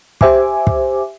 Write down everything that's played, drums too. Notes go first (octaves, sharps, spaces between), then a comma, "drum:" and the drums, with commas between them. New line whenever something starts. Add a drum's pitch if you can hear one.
G4 C5 E5 G#5 D6, drum: kick
drum: kick